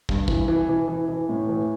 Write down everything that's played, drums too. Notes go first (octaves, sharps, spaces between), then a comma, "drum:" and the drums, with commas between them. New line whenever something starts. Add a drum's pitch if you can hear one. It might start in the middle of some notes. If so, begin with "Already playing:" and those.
G2, drum: kick
E3, drum: kick
E3
E3
E3
E3
A2
E3